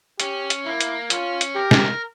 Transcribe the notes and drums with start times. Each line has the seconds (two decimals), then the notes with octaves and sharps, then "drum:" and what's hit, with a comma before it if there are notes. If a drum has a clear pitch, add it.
0.20 C#4 G4, drum: hi-hat
0.50 drum: hi-hat
0.65 A#3 E4
0.81 drum: hi-hat
1.10 C#4 F4, drum: hi-hat
1.41 drum: hi-hat
1.55 G4 A#4
1.71 drum: snare